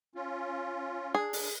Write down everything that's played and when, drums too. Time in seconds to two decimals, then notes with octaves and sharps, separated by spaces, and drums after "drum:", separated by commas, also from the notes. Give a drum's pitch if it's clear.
0.15 C#4 F4
1.14 D4 G#4
1.33 drum: open hi-hat